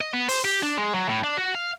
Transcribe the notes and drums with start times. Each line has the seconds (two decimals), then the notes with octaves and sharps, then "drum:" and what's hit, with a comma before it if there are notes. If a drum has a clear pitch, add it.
0.01 D#5
0.13 B3
0.29 C5, drum: open hi-hat
0.45 G4
0.63 D4
0.77 G#3
0.94 F#3
1.09 A2
1.24 D4
1.37 F#4
1.55 F5